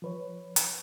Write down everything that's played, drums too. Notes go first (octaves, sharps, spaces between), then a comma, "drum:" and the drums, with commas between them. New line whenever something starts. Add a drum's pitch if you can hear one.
F3 B4 C#5
drum: hi-hat